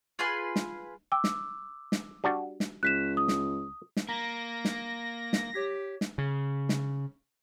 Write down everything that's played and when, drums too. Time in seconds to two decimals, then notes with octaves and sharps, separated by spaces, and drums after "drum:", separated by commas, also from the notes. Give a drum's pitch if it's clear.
0.19 F4 G#4 B4 C6
0.56 drum: snare
1.12 G5 D6 E6
1.24 drum: snare
1.92 drum: snare
2.24 G3 D4 F#4
2.60 drum: snare
2.83 C#2 F#6 B6 E7
3.17 D#6
3.28 drum: snare
3.97 drum: snare
4.09 A#3 A#5 A#6 B6
4.65 drum: snare
5.33 drum: snare
5.54 G4 C#5 G#6 B6
6.01 drum: snare
6.18 C#3
6.69 drum: snare